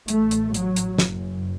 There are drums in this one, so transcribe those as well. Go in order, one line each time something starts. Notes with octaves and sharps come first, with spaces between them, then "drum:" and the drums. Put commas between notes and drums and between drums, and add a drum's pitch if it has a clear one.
A1 A2 A3, drum: hi-hat
drum: hi-hat
F#3, drum: hi-hat
drum: hi-hat
F#1 F#2, drum: snare